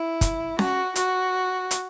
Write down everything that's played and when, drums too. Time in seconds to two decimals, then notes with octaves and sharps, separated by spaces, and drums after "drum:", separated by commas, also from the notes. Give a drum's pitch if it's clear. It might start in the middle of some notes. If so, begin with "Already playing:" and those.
Already playing: E4
0.21 drum: kick, hi-hat
0.59 F#4, drum: snare C#4
0.96 F#4, drum: hi-hat
1.71 drum: hi-hat